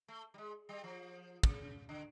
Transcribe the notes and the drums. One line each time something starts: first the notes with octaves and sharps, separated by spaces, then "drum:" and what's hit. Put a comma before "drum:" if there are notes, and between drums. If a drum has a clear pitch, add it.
A3
G3
G#3
G3
F3
C#3, drum: kick
D3